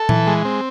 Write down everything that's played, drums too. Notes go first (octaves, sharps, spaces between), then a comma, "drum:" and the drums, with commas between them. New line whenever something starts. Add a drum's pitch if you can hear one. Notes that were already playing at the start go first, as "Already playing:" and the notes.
Already playing: A4
E3, drum: tom A#2
G#3
C4